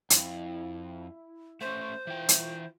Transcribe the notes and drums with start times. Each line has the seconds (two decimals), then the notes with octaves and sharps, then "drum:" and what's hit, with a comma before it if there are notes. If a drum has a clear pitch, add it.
0.10 F2 E4, drum: hi-hat
1.61 A3 C#4 C5 C6
2.07 E3 F4 G5
2.29 drum: hi-hat